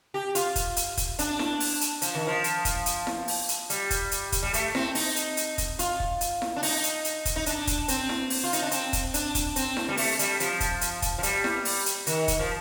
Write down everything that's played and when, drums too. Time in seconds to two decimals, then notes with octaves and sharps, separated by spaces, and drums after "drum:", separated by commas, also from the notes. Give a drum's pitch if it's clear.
0.14 G4
0.35 F4, drum: hi-hat
0.56 drum: kick, hi-hat
0.76 drum: hi-hat
0.97 drum: kick, hi-hat
1.19 D4, drum: hi-hat
1.39 drum: snare E4
1.60 drum: open hi-hat
1.81 drum: hi-hat
2.02 F3, drum: hi-hat
2.15 D#3
2.27 F3
2.44 drum: hi-hat
2.65 drum: kick, hi-hat
2.86 drum: hi-hat
3.07 drum: snare E4
3.28 drum: open hi-hat
3.49 drum: hi-hat
3.70 G3, drum: hi-hat
3.90 drum: kick, hi-hat
4.11 drum: hi-hat
4.32 drum: kick, hi-hat
4.43 G3
4.54 A3, drum: hi-hat
4.75 C4, drum: snare E4
4.95 D#4, drum: open hi-hat
5.16 drum: hi-hat
5.37 drum: hi-hat
5.58 drum: kick, hi-hat
5.79 F4, drum: hi-hat
6.00 drum: kick
6.21 drum: hi-hat
6.42 drum: snare E4
6.56 D4
6.63 D#4, drum: open hi-hat
6.84 drum: hi-hat
7.04 drum: hi-hat
7.25 drum: kick, hi-hat
7.36 D#4
7.46 D4, drum: hi-hat
7.67 drum: kick, hi-hat
7.88 C4, drum: hi-hat
8.09 drum: snare E4
8.30 drum: open hi-hat
8.44 F4
8.53 D#4, drum: hi-hat
8.62 D4
8.71 C4, drum: hi-hat
8.93 drum: kick, hi-hat
9.14 D4, drum: hi-hat
9.35 drum: kick, hi-hat
9.56 C4, drum: hi-hat
9.77 drum: snare E4
9.88 G3
9.97 A3, drum: open hi-hat
10.19 G3, drum: hi-hat
10.40 F3, drum: hi-hat
10.60 drum: kick, hi-hat
10.81 drum: hi-hat
11.02 drum: kick, hi-hat
11.18 F3
11.23 G3, drum: hi-hat
11.44 drum: snare E4
11.65 drum: open hi-hat
11.86 drum: hi-hat
12.07 D#3, drum: hi-hat
12.28 drum: kick, hi-hat
12.39 F3